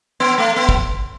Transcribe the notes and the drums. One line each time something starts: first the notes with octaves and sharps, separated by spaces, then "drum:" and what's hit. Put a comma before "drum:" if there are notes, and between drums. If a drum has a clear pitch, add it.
B3
A3
B3
drum: kick